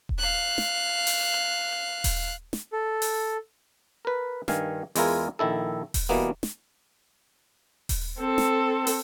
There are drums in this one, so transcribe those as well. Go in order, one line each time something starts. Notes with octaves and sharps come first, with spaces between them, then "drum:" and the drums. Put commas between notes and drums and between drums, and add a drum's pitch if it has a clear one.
drum: kick D#1
F5 F#6
drum: snare
drum: open hi-hat
drum: kick D#1, open hi-hat
drum: snare
A4
drum: open hi-hat
A#4 B4
G2 D#3 F5 G#5, drum: snare
E2 G#3 E4 F4 A#4 G#5, drum: open hi-hat
A#1 D#3 E4 A4
drum: kick D#1, open hi-hat
B2 E3 G3 A#3 B3
drum: snare
drum: kick D#1, open hi-hat
C4 A4
drum: snare
drum: open hi-hat